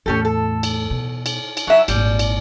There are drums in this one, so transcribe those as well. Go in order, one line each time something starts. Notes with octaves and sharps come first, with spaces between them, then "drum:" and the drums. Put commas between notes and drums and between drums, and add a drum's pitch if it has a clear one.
E2 A2 C#4 G4 A4
A4
drum: cymbal
B2
drum: cymbal
drum: cymbal
F#3 E4 E5
G#1 A#2 G3, drum: cymbal
drum: cymbal